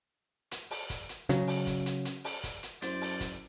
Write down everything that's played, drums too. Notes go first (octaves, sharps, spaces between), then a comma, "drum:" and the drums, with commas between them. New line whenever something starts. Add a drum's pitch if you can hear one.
drum: hi-hat
drum: open hi-hat
drum: kick, hi-hat
drum: hi-hat
C#3 F#3, drum: hi-hat
drum: open hi-hat
drum: kick, hi-hat
drum: hi-hat
drum: hi-hat
drum: open hi-hat
drum: kick, hi-hat
drum: hi-hat
F#2 E4 C5 D5, drum: hi-hat
drum: open hi-hat
drum: kick, hi-hat